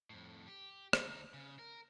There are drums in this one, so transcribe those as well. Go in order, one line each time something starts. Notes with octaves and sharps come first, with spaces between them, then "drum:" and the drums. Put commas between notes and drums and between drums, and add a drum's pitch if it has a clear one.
F2 A2
G4
D2 D#4, drum: rim click
C#3
A#4